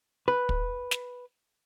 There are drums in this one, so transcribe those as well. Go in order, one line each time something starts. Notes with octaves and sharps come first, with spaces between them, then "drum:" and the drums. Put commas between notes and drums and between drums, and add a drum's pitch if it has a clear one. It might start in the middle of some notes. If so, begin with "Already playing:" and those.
B4
drum: kick
drum: snare